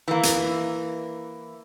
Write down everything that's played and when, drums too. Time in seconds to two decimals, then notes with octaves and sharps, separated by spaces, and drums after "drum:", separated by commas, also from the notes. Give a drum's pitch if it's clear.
0.08 E3 A#3
0.23 drum: hi-hat